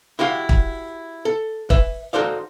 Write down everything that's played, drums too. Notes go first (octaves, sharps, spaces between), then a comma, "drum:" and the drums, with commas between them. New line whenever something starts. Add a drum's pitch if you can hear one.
E4 F#4 G4 F5 F#5
drum: kick
A4
B4 E5, drum: kick
D#4 F#4 A4 C5 D5 F5